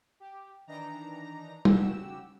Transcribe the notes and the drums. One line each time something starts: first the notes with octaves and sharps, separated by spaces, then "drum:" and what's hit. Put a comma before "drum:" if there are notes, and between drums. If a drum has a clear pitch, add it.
G4
D#3 E3 D4 D#4 A#5
C#3 F#4 G4 E6, drum: tom